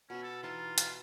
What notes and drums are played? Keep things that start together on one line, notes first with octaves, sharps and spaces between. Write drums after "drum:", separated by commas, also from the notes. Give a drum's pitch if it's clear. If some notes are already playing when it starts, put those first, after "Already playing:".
B2 C#4 E5
A4
E3 D#4 F4 A5
E5 F5, drum: hi-hat